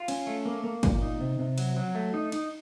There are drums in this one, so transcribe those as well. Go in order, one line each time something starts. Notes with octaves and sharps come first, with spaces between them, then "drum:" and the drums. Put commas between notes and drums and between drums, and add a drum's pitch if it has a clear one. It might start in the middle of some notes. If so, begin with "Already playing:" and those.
Already playing: F4
C#4, drum: cymbal
A3
A#3
A#3
A#2, drum: kick, cymbal
D#4
C3
C3
F#3, drum: cymbal
F#3
A3
D#4
D#4, drum: cymbal